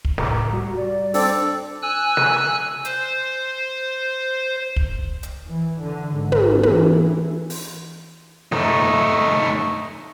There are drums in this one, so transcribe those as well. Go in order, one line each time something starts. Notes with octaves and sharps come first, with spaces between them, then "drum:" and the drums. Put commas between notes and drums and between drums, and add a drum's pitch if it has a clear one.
drum: kick
A2 A#5 D6, drum: snare
G3 F#4
D5
C4 D4 A4 C5 D5, drum: open hi-hat
G#5 E6 F#6
drum: snare
C5, drum: hi-hat
drum: kick
drum: hi-hat
E3
D3
G#1
drum: tom
E3, drum: tom
drum: open hi-hat
A3 D#4, drum: snare